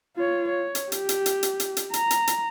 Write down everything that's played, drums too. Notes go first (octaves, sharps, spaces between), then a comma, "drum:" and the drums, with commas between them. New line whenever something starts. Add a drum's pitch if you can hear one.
F4 C#5
C#5
drum: hi-hat
G4, drum: hi-hat
drum: hi-hat
drum: hi-hat
drum: hi-hat
drum: hi-hat
drum: hi-hat
A#5, drum: hi-hat
drum: hi-hat
drum: hi-hat